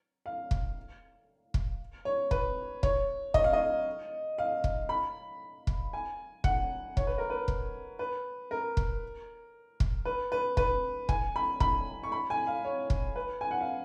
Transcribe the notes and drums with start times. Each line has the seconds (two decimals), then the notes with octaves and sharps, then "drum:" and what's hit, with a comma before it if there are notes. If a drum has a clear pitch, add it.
0.26 F5
0.51 drum: kick
1.54 drum: kick
2.05 C#5
2.31 B4, drum: kick
2.83 C#5, drum: kick
3.34 D#5, drum: kick
3.44 F5
3.53 D#5
4.38 F5
4.64 drum: kick
4.89 B5
5.67 drum: kick
5.93 G#5
6.44 F#5, drum: kick
6.97 C#5, drum: kick
7.07 B4
7.18 A#4
7.30 B4
7.48 drum: kick
7.99 B4
8.51 A#4
8.77 drum: kick
9.80 drum: kick
10.05 B4
10.32 B4
10.57 B4, drum: kick
11.09 G#5, drum: kick
11.36 B5
11.60 B5, drum: kick
12.03 C#6
12.12 B5
12.30 G#5
12.47 F5
12.65 C#5
12.90 drum: kick
13.16 B4
13.41 G#5
13.51 F#5
13.61 F5